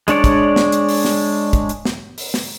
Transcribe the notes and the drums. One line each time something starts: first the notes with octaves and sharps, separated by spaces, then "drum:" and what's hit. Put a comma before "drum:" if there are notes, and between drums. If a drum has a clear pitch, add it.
G#3 D4 C#5 D5, drum: hi-hat
drum: kick, hi-hat
drum: snare
drum: hi-hat
drum: open hi-hat
drum: snare
drum: kick, hi-hat
drum: hi-hat
drum: snare
drum: open hi-hat
drum: snare